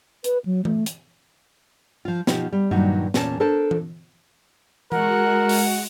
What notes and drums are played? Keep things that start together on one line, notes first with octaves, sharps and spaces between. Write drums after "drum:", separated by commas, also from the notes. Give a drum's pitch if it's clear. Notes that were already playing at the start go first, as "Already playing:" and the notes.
B4, drum: hi-hat
F#3
A3, drum: tom E3
drum: hi-hat
F3 F4
B2 F3 D#4 F4 G4, drum: snare
G3
G2 A#2 D#3 F#3 D#4 F#4
E2 A#2 A#3 C#4 G4 A5, drum: snare
D4 A4 A#4 C5 A5
drum: tom E3
G#3 F#4 A#4 F#5, drum: tom E3
drum: open hi-hat